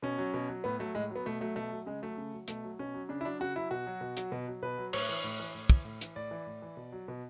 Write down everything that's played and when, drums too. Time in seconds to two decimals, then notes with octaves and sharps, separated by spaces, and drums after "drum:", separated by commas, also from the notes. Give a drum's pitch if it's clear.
0.02 B2 C#4
0.18 F#3
0.34 B2
0.49 F#3
0.64 A2 B3
0.79 F#3 A3
0.95 A2 G#3
1.10 F#3
1.15 B3
1.26 B2 A3
1.41 F#3 A3
1.56 B2 A3
1.71 F#3
1.86 C#3 G#3
2.02 F#3 A3
2.18 C#3
2.33 F#3
2.48 B2 A3, drum: hi-hat
2.64 F#3
2.79 B2 C#4
2.94 F#3
3.09 C#3 D4
3.21 E4
3.25 F#3 D4
3.40 C#3 F#4
3.56 F#3 E4
3.71 B2 F#4
3.87 F#3
4.01 B2
4.17 F#3, drum: hi-hat
4.32 B2
4.48 F#3
4.63 B2 B4
4.78 F#3
4.93 A2 C#5, drum: cymbal
5.09 E3
5.24 A2
5.40 E3
5.55 A2
5.70 E3, drum: kick
5.85 A2
6.01 E3, drum: hi-hat
6.16 A2 D5
6.31 E3
6.47 A2
6.62 E3
6.77 B2
6.92 F#3
7.08 B2